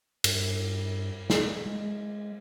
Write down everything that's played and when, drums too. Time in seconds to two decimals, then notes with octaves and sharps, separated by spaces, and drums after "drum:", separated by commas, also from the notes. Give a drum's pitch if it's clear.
0.24 G2, drum: cymbal
1.30 drum: snare
1.66 G#3